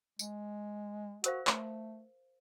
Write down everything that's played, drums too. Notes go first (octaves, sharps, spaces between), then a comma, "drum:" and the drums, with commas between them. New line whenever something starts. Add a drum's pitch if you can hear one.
G#3, drum: tambourine
F#4 A#4 C5 F5, drum: hi-hat
A3, drum: clap